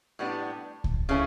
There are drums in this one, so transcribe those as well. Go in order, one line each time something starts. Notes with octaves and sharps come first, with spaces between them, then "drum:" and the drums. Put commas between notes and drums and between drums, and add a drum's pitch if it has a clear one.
A2 G3 B3 D4
drum: kick C#2
C#3 E3 A3 C#4